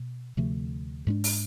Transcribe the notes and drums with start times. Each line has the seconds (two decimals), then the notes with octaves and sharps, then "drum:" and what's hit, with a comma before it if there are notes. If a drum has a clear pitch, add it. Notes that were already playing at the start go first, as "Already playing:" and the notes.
Already playing: B2
0.37 D2 C3 F3 A3
1.07 G#2 G#3 D4
1.24 drum: open hi-hat